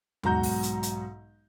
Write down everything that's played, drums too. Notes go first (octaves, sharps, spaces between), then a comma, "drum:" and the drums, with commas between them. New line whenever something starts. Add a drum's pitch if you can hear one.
B1 G#2 F#4 A#5 G6, drum: tom
drum: open hi-hat
drum: hi-hat
drum: hi-hat